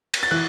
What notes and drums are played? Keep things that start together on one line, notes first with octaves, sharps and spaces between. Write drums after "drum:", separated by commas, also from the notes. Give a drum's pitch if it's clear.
drum: cymbal
A6
E3 F#6